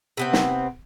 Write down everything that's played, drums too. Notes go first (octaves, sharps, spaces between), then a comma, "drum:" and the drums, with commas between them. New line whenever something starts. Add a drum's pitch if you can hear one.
C3 B3 C4
drum: snare